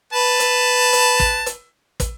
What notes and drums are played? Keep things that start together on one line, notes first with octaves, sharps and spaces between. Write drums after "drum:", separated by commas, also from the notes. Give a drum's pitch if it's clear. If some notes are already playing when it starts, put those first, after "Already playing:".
B4 A5
drum: hi-hat
drum: hi-hat
drum: kick
drum: hi-hat
drum: kick, hi-hat